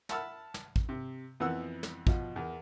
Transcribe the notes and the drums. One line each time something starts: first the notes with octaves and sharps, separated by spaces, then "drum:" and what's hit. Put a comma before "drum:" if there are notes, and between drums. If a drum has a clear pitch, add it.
E5 F#5 A5 B5 E6 F6, drum: snare
drum: snare
drum: kick
C3
F2 E3 B3 F#5 E6
drum: snare
B2 F3, drum: kick
E2 A#4